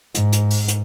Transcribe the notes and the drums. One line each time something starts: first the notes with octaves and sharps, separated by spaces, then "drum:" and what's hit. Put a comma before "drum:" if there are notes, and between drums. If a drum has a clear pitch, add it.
G#2, drum: hi-hat
drum: hi-hat
drum: open hi-hat
drum: hi-hat